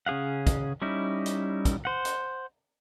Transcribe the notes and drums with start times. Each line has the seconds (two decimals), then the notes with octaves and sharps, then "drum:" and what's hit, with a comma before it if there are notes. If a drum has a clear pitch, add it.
0.06 C#3 C#4 G#4 F5 F#5
0.47 drum: kick, hi-hat
0.82 G3 C#4 D#4 E4
1.26 drum: hi-hat
1.65 drum: kick, hi-hat
1.85 C5 F#5
2.05 drum: hi-hat